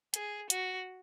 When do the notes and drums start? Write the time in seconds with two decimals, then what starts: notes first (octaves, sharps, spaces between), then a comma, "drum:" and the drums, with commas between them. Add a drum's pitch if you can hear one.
0.14 G#4, drum: hi-hat
0.50 F#4, drum: hi-hat